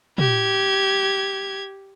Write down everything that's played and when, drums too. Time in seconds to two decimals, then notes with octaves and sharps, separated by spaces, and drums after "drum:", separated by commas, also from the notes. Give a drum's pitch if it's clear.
0.18 G4 G#6, drum: tom